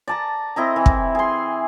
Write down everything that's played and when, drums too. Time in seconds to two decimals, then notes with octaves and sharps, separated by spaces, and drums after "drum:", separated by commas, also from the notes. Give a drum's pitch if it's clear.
0.08 D5 A5 A#5
0.56 C4 E4 D#5 A#5
0.76 E3
0.86 drum: kick
1.15 G#4 C6